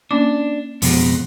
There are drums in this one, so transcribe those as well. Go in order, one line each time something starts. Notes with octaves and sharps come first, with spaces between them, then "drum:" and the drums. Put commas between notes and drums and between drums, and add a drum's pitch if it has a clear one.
A#3 C#4 D4 D6
F2 B2 G#3, drum: open hi-hat